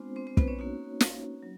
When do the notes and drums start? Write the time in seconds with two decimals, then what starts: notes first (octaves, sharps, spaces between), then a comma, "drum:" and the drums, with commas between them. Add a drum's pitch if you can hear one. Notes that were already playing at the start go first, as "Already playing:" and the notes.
Already playing: G#3 B3 C4 D4 F4 C5
0.16 C4 C5
0.27 C4 C5
0.37 B3 B4, drum: kick
0.47 C#4 C#5
0.59 A#3 D#4 F#4
1.00 drum: snare
1.43 F#3